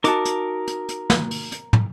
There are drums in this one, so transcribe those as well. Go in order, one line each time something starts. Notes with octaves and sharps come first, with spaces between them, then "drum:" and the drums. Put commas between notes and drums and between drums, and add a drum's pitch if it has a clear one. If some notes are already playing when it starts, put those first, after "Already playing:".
D#4 F#4 A#4 A5 D6, drum: hi-hat
drum: hi-hat
drum: hi-hat
drum: hi-hat
drum: snare
drum: open hi-hat
drum: hi-hat
drum: tom